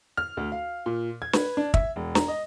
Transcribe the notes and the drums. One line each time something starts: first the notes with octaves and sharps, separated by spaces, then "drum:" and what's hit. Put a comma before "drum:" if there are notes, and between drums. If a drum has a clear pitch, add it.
F6
D2
F5
A#2
G#6
B4, drum: snare
D4
E5, drum: kick
E1
A#5, drum: snare
D#5